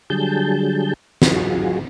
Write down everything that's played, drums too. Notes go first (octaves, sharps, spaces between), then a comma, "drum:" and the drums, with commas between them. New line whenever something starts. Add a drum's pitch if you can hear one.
D3 F#3 G3 G#4 A5 G6
F#3 F4 F#4 G#4, drum: snare